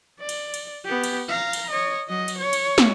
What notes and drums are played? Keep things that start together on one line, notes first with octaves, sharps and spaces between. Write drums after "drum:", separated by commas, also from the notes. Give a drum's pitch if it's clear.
D5
drum: cymbal
drum: cymbal
B3 G4
drum: cymbal
F5 A#5
drum: cymbal
C#5 D#5
F#3 D#5
drum: cymbal
C#5
drum: cymbal
drum: snare